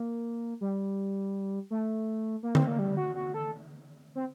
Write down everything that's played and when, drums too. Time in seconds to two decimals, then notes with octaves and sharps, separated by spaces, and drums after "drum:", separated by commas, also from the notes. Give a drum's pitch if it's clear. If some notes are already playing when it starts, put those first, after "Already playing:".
Already playing: A#3
0.61 G3
1.70 A3
2.43 A#3
2.55 C4, drum: tom D3
2.68 A#3
2.79 G3
2.97 F#4
3.15 F#4
3.34 A4
4.15 C4